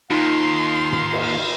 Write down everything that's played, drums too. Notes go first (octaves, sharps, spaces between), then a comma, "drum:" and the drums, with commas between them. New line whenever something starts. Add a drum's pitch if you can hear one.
D#2 D#3 D#4 F4 F5 C6
drum: tom
drum: cymbal